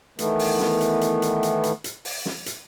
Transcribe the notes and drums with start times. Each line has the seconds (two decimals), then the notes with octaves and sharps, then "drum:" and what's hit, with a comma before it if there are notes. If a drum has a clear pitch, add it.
0.19 D#3 E3 A3 B3, drum: hi-hat
0.39 drum: open hi-hat
0.60 drum: snare
0.81 drum: hi-hat
1.01 drum: hi-hat
1.22 drum: hi-hat
1.43 drum: hi-hat
1.63 drum: hi-hat
1.84 drum: hi-hat
2.05 drum: open hi-hat
2.26 drum: snare
2.46 drum: hi-hat